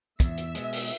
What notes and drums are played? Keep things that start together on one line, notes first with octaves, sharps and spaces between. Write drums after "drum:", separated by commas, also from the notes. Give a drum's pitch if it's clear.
E2 E5, drum: kick, hi-hat
drum: hi-hat
B2 G#3, drum: hi-hat
drum: open hi-hat